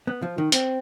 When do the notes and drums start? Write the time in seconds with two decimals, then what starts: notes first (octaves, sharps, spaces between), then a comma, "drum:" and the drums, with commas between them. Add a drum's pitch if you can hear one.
0.07 B3
0.22 F3
0.38 D#3
0.52 C4, drum: hi-hat